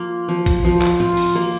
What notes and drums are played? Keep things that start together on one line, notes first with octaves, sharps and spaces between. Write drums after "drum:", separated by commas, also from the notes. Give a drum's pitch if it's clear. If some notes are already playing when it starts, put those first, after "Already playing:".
Already playing: F3 A#3 F4
F3
drum: kick, hi-hat
F3
drum: clap
F4, drum: tom
drum: open hi-hat
A#3